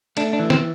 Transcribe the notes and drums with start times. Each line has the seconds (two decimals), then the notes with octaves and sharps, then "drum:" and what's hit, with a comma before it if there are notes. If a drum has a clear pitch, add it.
0.17 A3 D4, drum: cymbal
0.33 D4
0.39 E3
0.50 C4, drum: snare